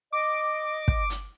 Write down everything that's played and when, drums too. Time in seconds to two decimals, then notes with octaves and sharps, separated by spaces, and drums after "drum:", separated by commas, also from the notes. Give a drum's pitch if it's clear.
0.12 D#5 D6
0.88 drum: kick
1.10 drum: hi-hat